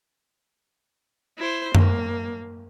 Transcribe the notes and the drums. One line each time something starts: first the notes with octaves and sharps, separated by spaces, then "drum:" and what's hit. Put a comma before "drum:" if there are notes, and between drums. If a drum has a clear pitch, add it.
E4 C5
A#3, drum: tom F#2